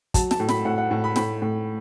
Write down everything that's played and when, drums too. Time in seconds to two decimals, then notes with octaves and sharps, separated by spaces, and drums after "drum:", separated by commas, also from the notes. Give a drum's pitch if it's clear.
0.14 F#3 A5, drum: kick, hi-hat
0.31 A5, drum: snare
0.40 A2
0.49 B5, drum: snare
0.65 A2 F#5
0.78 F#5
0.91 A2
1.04 B5
1.16 A2 B5, drum: snare
1.42 A2